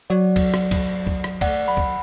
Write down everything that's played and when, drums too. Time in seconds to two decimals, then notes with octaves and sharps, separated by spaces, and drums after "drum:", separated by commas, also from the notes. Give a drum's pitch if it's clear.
0.10 F#3 D5 F#5
0.36 drum: kick, cymbal
0.54 drum: rim click
0.71 drum: kick, cymbal
1.07 drum: kick
1.24 drum: rim click
1.41 A3 D5 F#5, drum: kick, cymbal
1.68 F#3 F#5 B5
1.77 drum: kick